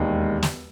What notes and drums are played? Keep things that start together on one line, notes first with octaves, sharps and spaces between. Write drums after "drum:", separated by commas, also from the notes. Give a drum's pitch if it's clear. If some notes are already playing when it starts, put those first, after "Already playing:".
Already playing: E1 D#2 D#3 G#3
drum: snare